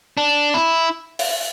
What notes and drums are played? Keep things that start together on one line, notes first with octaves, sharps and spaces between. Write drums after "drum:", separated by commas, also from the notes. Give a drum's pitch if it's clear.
D4
E4
drum: open hi-hat